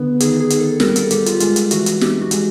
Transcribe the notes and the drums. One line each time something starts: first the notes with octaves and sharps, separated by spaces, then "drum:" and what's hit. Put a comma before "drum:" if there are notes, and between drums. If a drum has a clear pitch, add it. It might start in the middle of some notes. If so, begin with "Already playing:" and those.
Already playing: D3 B3
D#3 G#4, drum: hi-hat
G#4
D#3, drum: hi-hat
A4
G3 A#4, drum: snare
A4, drum: hi-hat
G3 G4, drum: hi-hat
F4, drum: hi-hat
G#3 F4, drum: hi-hat
drum: hi-hat
E3 F#4, drum: hi-hat
drum: hi-hat
D#4 G4, drum: snare
F#4
G#3, drum: hi-hat